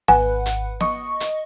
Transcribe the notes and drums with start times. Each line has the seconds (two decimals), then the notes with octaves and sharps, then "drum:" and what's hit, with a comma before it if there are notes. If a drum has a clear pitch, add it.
0.08 G#1 B4 F#5 G#5, drum: snare
0.46 drum: hi-hat
0.81 D#5 C#6, drum: snare
1.20 drum: hi-hat